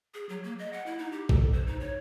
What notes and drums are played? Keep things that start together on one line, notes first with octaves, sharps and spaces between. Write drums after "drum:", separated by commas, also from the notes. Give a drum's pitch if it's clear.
G#4
F#3
A#3
D#5
F#5
E4
D#4
G4
A4, drum: kick A1
C5
D#4
C#5